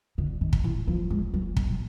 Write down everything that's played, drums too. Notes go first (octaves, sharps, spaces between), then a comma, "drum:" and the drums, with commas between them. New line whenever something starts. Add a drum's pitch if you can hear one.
D3
D#3
drum: kick
E3
F3
G#3
F#3
F#3, drum: kick